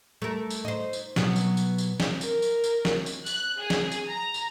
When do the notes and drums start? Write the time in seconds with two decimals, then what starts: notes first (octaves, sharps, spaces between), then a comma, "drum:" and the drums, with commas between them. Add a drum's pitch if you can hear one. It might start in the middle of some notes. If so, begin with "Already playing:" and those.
0.22 A3 A#4
0.50 drum: tambourine
0.65 D#4 C5
0.93 drum: tambourine
1.16 B2 F#3 B3, drum: snare
1.36 drum: tambourine
1.57 drum: tambourine
1.78 drum: tambourine
2.00 drum: snare
2.21 A#4, drum: tambourine
2.42 drum: tambourine
2.64 drum: tambourine
2.85 drum: snare
3.06 drum: tambourine
3.26 F#6, drum: tambourine
3.60 G#4
3.70 drum: snare
3.92 drum: tambourine
4.09 A#5
4.34 drum: tambourine